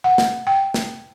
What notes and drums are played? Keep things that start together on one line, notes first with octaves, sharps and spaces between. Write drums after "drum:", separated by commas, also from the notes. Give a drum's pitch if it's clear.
F#5
drum: snare
G5
drum: snare